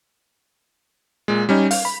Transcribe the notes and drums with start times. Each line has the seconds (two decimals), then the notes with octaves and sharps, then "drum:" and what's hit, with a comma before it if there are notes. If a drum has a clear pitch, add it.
1.28 A#2 G#3
1.49 G3 C#4 D#4
1.71 F5, drum: open hi-hat
1.85 B5